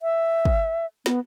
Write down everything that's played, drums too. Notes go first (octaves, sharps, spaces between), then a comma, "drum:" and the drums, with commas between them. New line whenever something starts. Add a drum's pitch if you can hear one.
E5
drum: kick
B3, drum: snare